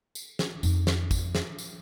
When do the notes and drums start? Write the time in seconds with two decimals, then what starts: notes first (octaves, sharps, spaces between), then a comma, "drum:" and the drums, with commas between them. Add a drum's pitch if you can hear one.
0.15 drum: tambourine
0.39 drum: snare
0.63 F2 D#4, drum: tambourine
0.87 drum: snare
1.11 drum: kick, tambourine
1.35 drum: snare
1.58 drum: tambourine